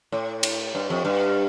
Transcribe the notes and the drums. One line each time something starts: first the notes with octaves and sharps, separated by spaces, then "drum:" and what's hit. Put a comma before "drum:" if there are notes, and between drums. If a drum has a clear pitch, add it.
A2
drum: cymbal
G2
F2
G2